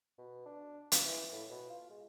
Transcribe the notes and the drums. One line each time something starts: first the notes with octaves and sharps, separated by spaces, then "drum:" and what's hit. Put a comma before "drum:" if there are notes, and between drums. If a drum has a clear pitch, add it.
B2
D4
F4, drum: hi-hat
E3
A2
B2
F4
G#3